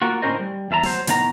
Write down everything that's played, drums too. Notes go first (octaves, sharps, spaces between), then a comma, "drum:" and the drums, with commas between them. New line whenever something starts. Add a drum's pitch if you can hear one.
A#3 F4 F#4
A2 D3 C#4 A#4 C5 D#5
G3
E2 E5 A5 A#5
F#3 C5, drum: snare
A2 D#3 B3 F5 A#5, drum: hi-hat